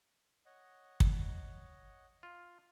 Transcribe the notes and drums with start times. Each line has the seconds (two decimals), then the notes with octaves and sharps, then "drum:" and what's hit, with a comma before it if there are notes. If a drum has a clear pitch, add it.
0.46 C#5 D#5 F#5
1.00 drum: kick
2.23 F4